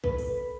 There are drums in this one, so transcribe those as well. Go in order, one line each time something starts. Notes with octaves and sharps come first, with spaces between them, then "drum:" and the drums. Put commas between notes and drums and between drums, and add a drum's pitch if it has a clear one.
B4, drum: kick
drum: open hi-hat